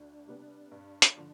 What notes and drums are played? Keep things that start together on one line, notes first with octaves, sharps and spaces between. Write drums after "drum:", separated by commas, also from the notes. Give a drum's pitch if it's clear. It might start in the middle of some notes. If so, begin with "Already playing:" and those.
Already playing: D2 D4
C3 G3 B3
G2
drum: hi-hat
D3 F3